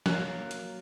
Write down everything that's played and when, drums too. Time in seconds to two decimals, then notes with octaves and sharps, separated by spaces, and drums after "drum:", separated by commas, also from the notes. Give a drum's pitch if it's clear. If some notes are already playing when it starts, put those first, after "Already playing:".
0.06 F#3 A#3 F4 A#4 F#6, drum: snare
0.51 drum: hi-hat